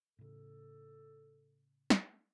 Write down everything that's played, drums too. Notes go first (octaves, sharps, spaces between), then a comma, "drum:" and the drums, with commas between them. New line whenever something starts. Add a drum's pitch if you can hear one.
A2 C#3 A4
drum: snare